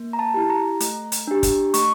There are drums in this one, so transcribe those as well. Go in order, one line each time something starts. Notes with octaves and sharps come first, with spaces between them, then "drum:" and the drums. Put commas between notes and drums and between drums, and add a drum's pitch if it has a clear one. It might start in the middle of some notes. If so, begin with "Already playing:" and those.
Already playing: A#3
A#5
A5
E4 G4
A#5
A3, drum: hi-hat
drum: hi-hat
D4 G4
drum: kick, hi-hat
A3 C#6, drum: hi-hat